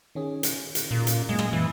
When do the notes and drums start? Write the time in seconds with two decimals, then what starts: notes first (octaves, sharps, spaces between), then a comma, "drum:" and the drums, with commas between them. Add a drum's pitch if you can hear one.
0.15 D#3 C#4 G#4
0.43 drum: hi-hat
0.75 drum: hi-hat
0.91 A#2
1.07 drum: hi-hat
1.29 F#2 A#2 G#3
1.39 drum: rim click
1.53 E3